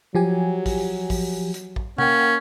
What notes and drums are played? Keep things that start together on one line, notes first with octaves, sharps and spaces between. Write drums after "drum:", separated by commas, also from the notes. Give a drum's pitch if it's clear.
F3 F#3 G4 G#5
drum: kick, open hi-hat
drum: kick, open hi-hat
drum: hi-hat
drum: kick
A#3 C#4 F#5 G5, drum: tom C3